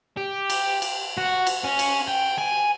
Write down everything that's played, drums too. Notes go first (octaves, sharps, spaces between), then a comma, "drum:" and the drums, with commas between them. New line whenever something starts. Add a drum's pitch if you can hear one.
G4
drum: cymbal
drum: cymbal
F#4
drum: cymbal
C#4
drum: cymbal
G5
G#5